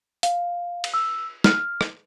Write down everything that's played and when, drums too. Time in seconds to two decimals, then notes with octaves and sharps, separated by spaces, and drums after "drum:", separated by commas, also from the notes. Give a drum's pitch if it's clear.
0.23 F5, drum: hi-hat
0.84 drum: cymbal
0.94 E6
1.44 F6, drum: snare
1.81 drum: rim click